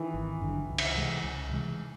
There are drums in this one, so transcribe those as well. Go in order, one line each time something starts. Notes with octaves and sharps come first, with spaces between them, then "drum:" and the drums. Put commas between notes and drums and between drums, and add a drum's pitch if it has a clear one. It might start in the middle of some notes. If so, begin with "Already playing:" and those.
Already playing: D#3 E3
G#1
G2 D3 F#3
C#2
drum: cymbal
C3 E3 G#3
C#2
C3 E3 G#3